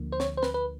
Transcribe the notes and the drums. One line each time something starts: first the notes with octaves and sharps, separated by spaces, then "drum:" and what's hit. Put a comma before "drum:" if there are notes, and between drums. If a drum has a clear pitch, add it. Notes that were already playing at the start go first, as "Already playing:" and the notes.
Already playing: D2 D3 F3 A#3
C5
C#5, drum: snare
C5
B4, drum: snare
B4